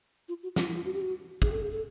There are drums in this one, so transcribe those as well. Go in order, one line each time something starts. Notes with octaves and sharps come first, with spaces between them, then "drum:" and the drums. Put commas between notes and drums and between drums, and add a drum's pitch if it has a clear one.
F4
F#4
F4, drum: snare
E4
F4
F#4
G4
F#4
G#4, drum: kick
A4
G#4
A4